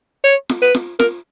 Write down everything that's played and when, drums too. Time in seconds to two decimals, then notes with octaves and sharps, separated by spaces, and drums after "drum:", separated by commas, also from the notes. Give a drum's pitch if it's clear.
0.24 C#5
0.49 drum: snare F4
0.62 B4
0.75 drum: snare F4
0.99 A#4, drum: snare F4